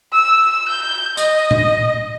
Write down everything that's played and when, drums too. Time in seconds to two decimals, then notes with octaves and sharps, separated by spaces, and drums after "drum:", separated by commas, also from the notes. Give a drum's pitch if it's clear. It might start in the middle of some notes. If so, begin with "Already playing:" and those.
0.13 E6
0.68 G6
1.17 D#5, drum: tambourine
1.51 drum: tom A#2